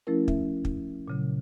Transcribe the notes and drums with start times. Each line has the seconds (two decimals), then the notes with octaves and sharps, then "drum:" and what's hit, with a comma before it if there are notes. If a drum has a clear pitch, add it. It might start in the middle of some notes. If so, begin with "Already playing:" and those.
0.07 F3 A3 C#4 E4 A#4
0.28 E5, drum: kick
0.65 drum: kick
1.08 A#2 C#3 F#3